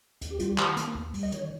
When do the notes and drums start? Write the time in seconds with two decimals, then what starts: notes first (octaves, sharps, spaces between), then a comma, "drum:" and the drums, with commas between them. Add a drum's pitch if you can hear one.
0.21 D#2, drum: hi-hat
0.30 G4
0.39 G3 F4, drum: hi-hat
0.49 G4
0.58 D#3, drum: clap
0.77 A#3, drum: hi-hat
0.95 D#2
1.14 G3, drum: open hi-hat
1.23 D#5
1.32 D#3 C#5, drum: hi-hat